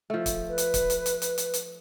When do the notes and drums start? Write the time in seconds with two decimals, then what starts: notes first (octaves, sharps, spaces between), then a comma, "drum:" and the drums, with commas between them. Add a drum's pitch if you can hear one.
0.10 F3 A3
0.26 drum: kick, hi-hat
0.49 B4
0.58 drum: hi-hat
0.74 drum: kick, hi-hat
0.90 drum: hi-hat
1.06 drum: hi-hat
1.22 drum: hi-hat
1.38 drum: hi-hat
1.54 drum: hi-hat